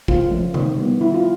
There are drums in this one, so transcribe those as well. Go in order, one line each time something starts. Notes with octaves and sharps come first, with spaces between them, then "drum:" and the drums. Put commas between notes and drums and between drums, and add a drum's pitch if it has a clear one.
C#3 F4, drum: kick
F3 A3 C#4
D#3, drum: tom C3
G3 B3
D#3 E4
F4